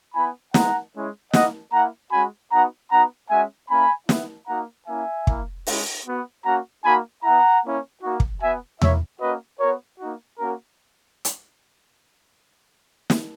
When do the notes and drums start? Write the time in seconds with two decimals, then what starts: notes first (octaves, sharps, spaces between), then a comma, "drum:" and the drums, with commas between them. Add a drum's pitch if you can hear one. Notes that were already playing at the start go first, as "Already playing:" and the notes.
0.15 B3 E4 G#5 B5
0.54 G#3 B3 E4 F#5 A#5, drum: snare
0.94 G#3 C#4 E4
1.33 A#3 E4 D#5 F#5, drum: snare
1.72 A#3 E4 F#5 A#5
2.12 G#3 C#4 F#4 G#5 B5
2.51 B3 D#4 F#4 F#5 A#5
2.91 B3 D#4 F#4 F#5 A#5
3.30 G#3 C#4 F#4 E5 G#5
3.70 A#3 C#4 E4 G#5 B5
4.09 B3 E4, drum: snare
4.48 A#3 D#4 F#4 F#5 A#5
4.87 A#3 C#4 E4 E5 G#5
5.27 A#3 E4, drum: kick
5.67 G#3 C#4 E4, drum: open hi-hat
6.06 B3 F#4
6.45 A#3 C#4 F#4 F#5 A#5
6.84 A#3 D#4 F#4 G#5 B5
7.24 B3 E4 F#5 A#5
7.63 A#3 C#4 E4
8.03 A#3 D#4 F#4
8.20 drum: kick
8.42 B3 F#4 E5 G#5
8.82 A#3 E4 C#5 E5, drum: tom E2
9.21 A#3 C#4 F#4 B4 D#5
9.60 B3 F#4 A#4 C#5
10.00 A#3 D#4 F#4
10.39 A#3 C#4 F#4 A#4
11.25 drum: hi-hat
13.10 drum: snare